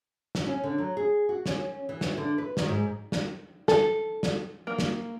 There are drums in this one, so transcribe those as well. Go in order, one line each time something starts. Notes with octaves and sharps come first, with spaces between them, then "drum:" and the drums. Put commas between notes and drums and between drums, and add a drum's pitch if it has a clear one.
drum: snare
C#4
D3
F#3
G#4
F#4
C#4, drum: snare
E3
drum: snare
D3
B4
D#3, drum: snare
G#2
drum: snare
A4, drum: snare
drum: snare
A#3
drum: snare